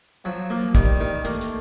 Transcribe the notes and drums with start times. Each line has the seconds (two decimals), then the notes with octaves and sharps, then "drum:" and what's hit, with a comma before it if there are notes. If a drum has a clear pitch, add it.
0.25 F3 F#3
0.50 A#3
0.75 D#3 G3, drum: kick, hi-hat
1.00 D#3
1.25 A3 A#3, drum: hi-hat
1.41 drum: hi-hat